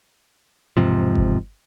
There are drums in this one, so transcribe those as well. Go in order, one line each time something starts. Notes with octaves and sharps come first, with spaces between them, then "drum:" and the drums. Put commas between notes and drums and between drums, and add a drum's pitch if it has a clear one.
E1 G#2 C3 F3
drum: kick G1